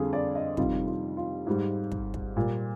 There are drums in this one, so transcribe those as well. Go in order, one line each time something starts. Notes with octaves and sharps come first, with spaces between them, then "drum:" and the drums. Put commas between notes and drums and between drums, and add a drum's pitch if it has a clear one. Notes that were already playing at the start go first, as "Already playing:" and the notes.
Already playing: F2 D3 G3 F4 G#4
D5
D#5
F2 C3 D#3 G3 F4, drum: kick
F4
F4
G#2 G3
drum: kick
drum: kick
A#2 G3